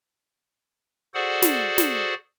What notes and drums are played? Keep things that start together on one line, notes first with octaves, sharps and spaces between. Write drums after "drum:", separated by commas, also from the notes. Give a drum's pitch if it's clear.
F#4 G#4 A4 C5 D5 F#5
drum: snare
drum: snare